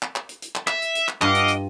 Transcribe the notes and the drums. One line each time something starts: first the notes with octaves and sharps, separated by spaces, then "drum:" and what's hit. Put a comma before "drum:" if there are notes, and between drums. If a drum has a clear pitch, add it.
drum: clap
drum: clap
drum: hi-hat
drum: hi-hat
drum: clap
E5, drum: clap
drum: hi-hat
drum: hi-hat
drum: clap
G2 F4 D#5 F5 F#5 C6 D6, drum: clap
drum: hi-hat
drum: hi-hat